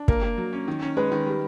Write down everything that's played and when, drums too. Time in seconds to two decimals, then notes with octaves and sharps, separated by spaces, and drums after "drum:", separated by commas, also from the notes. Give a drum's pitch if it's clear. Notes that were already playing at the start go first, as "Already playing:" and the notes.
Already playing: D4
0.08 A#3 A#4, drum: kick
0.23 A#3
0.37 F#3
0.53 C#4
0.68 D#3
0.82 C#4
0.97 G#3 B4
1.12 D#3
1.27 G3